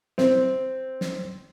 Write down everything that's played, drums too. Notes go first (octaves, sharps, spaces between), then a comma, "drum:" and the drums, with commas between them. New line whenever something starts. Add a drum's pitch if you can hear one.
C4, drum: snare
drum: snare